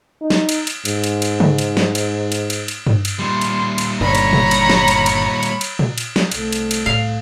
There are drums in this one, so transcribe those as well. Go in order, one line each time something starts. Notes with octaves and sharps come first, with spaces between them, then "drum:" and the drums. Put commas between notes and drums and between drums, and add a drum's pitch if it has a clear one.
D#4
drum: snare
drum: cymbal
drum: cymbal
G#2, drum: cymbal
drum: cymbal
drum: cymbal
drum: tom C#3
drum: cymbal
drum: snare
drum: cymbal
drum: cymbal
drum: cymbal
drum: cymbal
drum: tom G2
drum: cymbal
A#2 G3 C6
drum: cymbal
drum: cymbal
G1 G2 C#5 A#5 B5
drum: cymbal
drum: tom A#2
drum: cymbal
drum: snare
drum: cymbal
drum: cymbal
drum: cymbal
drum: cymbal
drum: tom A#2
drum: cymbal
drum: snare
C2 A3, drum: cymbal
drum: cymbal
drum: cymbal
A2 F5